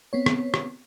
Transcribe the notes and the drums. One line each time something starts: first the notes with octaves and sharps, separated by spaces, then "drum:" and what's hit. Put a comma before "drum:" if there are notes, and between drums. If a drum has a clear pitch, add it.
B3 C4 C#5
drum: rim click
drum: rim click